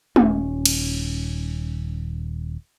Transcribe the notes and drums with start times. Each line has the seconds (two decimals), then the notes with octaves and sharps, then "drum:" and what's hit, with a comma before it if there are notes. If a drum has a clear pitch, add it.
0.16 D#1 C#4, drum: tom G#3
0.65 drum: cymbal